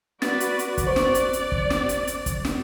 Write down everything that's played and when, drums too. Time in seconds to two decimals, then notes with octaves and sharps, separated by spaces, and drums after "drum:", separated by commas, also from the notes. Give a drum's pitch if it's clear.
0.22 F#4 B4 D5 A6, drum: snare
0.40 drum: hi-hat
0.59 drum: hi-hat
0.77 drum: kick, hi-hat
0.87 C5 D5 C#6
0.96 drum: snare
1.15 drum: hi-hat
1.33 drum: hi-hat
1.52 drum: kick
1.70 drum: snare
1.89 drum: hi-hat
2.07 drum: hi-hat
2.26 drum: kick, hi-hat
2.45 drum: snare